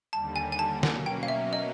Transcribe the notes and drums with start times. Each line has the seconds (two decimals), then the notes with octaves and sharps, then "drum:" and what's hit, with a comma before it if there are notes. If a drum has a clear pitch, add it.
0.13 D#2 D3 G3 A5
0.36 G#5
0.52 G#5
0.59 A5
0.83 B2 F#3 A#3 C#4, drum: snare
1.06 G5
1.23 F5
1.28 E5
1.53 D#5